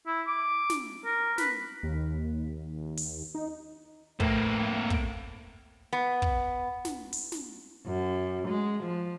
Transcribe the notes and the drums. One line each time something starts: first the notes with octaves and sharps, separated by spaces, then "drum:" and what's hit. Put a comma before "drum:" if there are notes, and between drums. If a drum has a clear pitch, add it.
E4
D6
drum: snare
A#4
B4, drum: snare
D#2
drum: open hi-hat
D#4
A2 A#3 C4, drum: kick
drum: kick
B3
drum: kick
drum: snare
drum: open hi-hat
drum: snare
F#2
G#3
F3